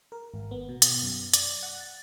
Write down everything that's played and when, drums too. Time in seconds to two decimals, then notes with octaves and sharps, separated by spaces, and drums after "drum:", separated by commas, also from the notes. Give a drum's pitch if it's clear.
0.12 A#4
0.34 G#1
0.51 B3
0.69 B2
0.82 drum: hi-hat
1.03 F#2
1.33 D5, drum: hi-hat
1.63 F#5
1.80 A6